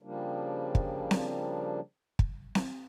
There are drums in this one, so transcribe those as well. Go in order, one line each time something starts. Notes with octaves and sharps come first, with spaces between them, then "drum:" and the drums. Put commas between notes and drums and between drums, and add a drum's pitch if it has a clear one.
C#3 F3 G3 A#3 D4
drum: kick
drum: snare C4
drum: kick
drum: snare C4